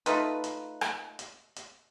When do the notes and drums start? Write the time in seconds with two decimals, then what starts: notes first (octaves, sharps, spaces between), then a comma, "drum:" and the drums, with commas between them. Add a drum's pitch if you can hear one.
0.06 A3 D#4 F4 B4, drum: hi-hat
0.44 drum: hi-hat
0.81 drum: rim click
1.19 drum: hi-hat
1.56 drum: hi-hat